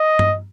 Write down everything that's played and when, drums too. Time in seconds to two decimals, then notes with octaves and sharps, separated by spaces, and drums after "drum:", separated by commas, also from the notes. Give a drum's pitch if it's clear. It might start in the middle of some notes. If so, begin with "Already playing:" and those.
Already playing: D#5
0.19 drum: tom G2